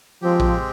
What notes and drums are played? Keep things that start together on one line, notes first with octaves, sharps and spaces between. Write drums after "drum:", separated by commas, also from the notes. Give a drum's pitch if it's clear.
F3 G#3 C4 G4
drum: kick A#1